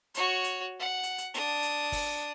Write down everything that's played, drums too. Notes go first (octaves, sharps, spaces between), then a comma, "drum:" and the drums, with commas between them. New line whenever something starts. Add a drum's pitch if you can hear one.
F#4 C#5, drum: hi-hat
drum: hi-hat
F#5
drum: hi-hat
drum: hi-hat
D4 D#6, drum: hi-hat
drum: hi-hat
drum: kick G1, open hi-hat